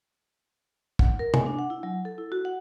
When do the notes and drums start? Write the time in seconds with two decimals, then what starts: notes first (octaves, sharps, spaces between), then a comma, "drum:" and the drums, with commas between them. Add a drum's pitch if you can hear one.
0.99 F#5, drum: kick
1.19 A#4
1.34 G#5, drum: tom
1.46 D4
1.59 F#5
1.70 E4
1.83 F#3
2.05 A4
2.18 E4
2.32 F#4
2.45 F#5